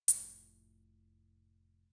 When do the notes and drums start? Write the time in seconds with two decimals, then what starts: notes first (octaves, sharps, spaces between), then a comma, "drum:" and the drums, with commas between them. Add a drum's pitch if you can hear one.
0.08 F1 A2, drum: hi-hat